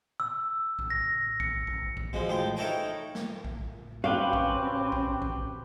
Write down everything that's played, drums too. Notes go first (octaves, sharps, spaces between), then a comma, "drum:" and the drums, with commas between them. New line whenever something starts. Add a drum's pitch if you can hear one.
E6
drum: kick
A#6
C#7, drum: kick
drum: kick
drum: kick
B2 F3 G#3
A1 F3 G#3 G4
D#4 E4 A4 A#4 C#5 G5
drum: snare
drum: kick
C4 C#4 F#4 G4 B4 F5
drum: kick
drum: kick
drum: kick